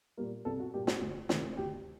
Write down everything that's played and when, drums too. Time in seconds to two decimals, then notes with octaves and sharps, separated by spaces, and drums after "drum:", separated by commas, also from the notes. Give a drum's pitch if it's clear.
0.17 A#2 G3 A#3
0.45 C2 A4
0.60 F#4
0.74 A#2 G3 A#3 G4
0.87 F#4, drum: snare
1.01 D2
1.29 C3 D#3 A3, drum: snare
1.57 D2 G4